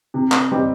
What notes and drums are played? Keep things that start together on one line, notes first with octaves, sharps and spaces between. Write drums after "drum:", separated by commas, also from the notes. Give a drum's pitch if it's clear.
C3
drum: clap
G3 C4 D#4 G4